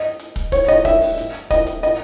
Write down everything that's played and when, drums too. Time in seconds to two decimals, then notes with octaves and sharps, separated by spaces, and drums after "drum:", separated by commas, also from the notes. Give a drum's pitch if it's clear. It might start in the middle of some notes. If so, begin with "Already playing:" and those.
Already playing: D#5
0.19 drum: hi-hat
0.36 drum: kick, hi-hat
0.52 C#5, drum: kick, hi-hat
0.68 D#5, drum: hi-hat
0.85 E5, drum: kick, hi-hat
1.01 drum: open hi-hat
1.18 drum: hi-hat
1.34 drum: hi-hat
1.51 D#5, drum: kick, hi-hat
1.67 drum: hi-hat
1.83 D#5, drum: hi-hat